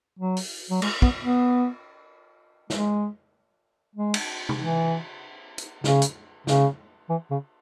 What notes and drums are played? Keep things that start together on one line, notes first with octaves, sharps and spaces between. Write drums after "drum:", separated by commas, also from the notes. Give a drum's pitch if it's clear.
F#3
drum: open hi-hat
F#3
G#3, drum: cymbal
B3, drum: kick
B3
G#3, drum: snare
G#3
drum: cymbal
drum: tom
E3
drum: hi-hat
C#3, drum: snare
drum: hi-hat
C#3, drum: snare
E3
C#3